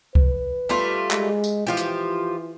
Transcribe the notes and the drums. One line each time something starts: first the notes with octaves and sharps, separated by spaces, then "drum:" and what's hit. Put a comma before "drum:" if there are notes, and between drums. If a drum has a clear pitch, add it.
B4, drum: kick C2
G3 A3 F4
G#3, drum: clap
drum: tambourine
E3 F3 F4 G4
drum: hi-hat